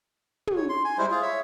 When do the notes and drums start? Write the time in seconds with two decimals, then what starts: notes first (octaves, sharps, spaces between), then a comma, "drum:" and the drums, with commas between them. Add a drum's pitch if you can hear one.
0.47 drum: tom
0.57 C#5
0.69 C6
0.85 G#5
0.98 G3 G#3 E4 C5
1.11 F4 G#4
1.22 C#5 E5